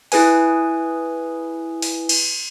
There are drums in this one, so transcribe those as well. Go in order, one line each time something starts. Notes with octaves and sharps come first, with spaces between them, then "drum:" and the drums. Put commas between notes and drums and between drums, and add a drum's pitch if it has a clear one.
E4 G#4 B4 G#5, drum: open hi-hat
drum: open hi-hat
drum: cymbal